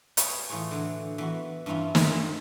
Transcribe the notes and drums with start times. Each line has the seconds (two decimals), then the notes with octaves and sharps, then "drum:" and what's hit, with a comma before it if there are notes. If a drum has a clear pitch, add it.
0.17 G#4 B4 C#5 D5 F#5 A5, drum: hi-hat
0.50 A2 E3 F4 G#4 C#5
0.71 D3 E3 F#3
1.18 E3 B3 F#4
1.66 G2 E3 C4 C#4 E4 F4
1.95 D#3 F4 A#4 E5 F#5 B5, drum: snare